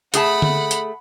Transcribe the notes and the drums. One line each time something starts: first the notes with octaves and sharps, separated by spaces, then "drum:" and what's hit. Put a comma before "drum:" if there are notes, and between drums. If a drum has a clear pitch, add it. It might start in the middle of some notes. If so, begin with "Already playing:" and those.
A3 G#4 F#5 A5 B5, drum: hi-hat
drum: tom D3
drum: hi-hat